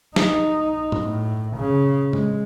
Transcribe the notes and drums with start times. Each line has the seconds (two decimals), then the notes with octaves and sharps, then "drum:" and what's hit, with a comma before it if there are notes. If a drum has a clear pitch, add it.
0.16 D#4, drum: snare
0.92 drum: tom A2
1.03 A2
1.57 C#3
2.13 G#3, drum: tom A2